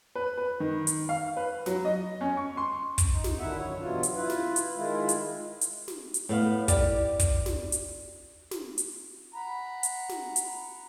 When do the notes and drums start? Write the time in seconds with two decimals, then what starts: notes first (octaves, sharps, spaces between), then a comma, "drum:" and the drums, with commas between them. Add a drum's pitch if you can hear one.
0.15 B4
0.38 B4
0.60 D#3
0.87 drum: hi-hat
1.09 F5
1.37 B4
1.66 F#3, drum: snare
1.85 D#5
2.21 C#4
2.37 C#6
2.57 C6
2.98 drum: kick, hi-hat
3.12 D#4
3.24 drum: snare
3.39 D3 D#3 E4 E5 F#5
3.57 F#2 C#5
3.80 G2 B2 E3 F#3 F4
4.03 drum: hi-hat
4.16 E4 F4 B4
4.30 drum: snare
4.56 drum: hi-hat
4.75 D#3 G#3 E4 F4
5.09 drum: hi-hat
5.61 drum: hi-hat
5.88 drum: snare
6.14 drum: hi-hat
6.29 A2 B3 F5
6.68 G4 D5, drum: kick, hi-hat
7.19 drum: kick, hi-hat
7.46 drum: snare
7.72 drum: hi-hat
8.51 drum: snare
8.78 drum: hi-hat
9.34 F#5 A#5 B5
9.83 drum: hi-hat
10.09 drum: snare
10.36 drum: hi-hat